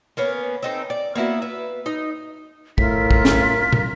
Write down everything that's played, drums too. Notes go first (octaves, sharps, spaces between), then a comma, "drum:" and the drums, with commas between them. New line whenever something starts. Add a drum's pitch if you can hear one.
A#3 B3 C#4
C4 D#4 A4
D5
A#3 B3 E4 F#4
B4 E5
D#4
A2 E4 F4 A#4 B6, drum: kick
drum: kick
drum: snare
drum: tom